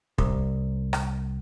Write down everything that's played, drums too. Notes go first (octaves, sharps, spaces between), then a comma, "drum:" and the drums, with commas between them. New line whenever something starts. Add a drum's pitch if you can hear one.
C2, drum: kick
drum: rim click